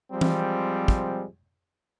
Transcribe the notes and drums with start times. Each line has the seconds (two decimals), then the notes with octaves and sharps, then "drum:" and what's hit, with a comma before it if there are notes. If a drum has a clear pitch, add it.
0.12 F3 G3 G#3 C4
0.21 drum: tom E3
0.88 drum: kick